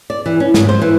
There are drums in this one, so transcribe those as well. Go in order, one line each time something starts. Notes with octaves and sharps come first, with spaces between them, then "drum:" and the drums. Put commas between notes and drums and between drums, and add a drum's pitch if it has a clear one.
D5
E3
C#4
G#2, drum: snare
C5
E3